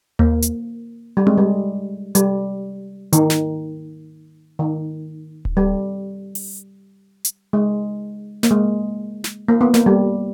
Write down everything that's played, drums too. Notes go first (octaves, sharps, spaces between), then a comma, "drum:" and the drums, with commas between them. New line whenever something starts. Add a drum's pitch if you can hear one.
A#3, drum: tom D#2
drum: hi-hat
G3
G#3, drum: tom C4
G3
G3, drum: hi-hat
D#3, drum: hi-hat
drum: snare
D#3
drum: kick D1
G3
drum: open hi-hat
drum: hi-hat
G#3
A#3, drum: snare
G#3
drum: snare
A#3
B3
A#3, drum: snare
G3